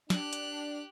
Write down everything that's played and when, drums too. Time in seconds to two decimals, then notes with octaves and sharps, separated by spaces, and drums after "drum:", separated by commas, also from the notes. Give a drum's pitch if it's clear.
0.10 D4 G4 F#6, drum: snare
0.33 drum: hi-hat